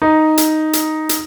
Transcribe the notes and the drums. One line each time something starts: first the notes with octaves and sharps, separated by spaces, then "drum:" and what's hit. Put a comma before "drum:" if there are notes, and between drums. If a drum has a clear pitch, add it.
D#4
drum: hi-hat
drum: hi-hat
drum: hi-hat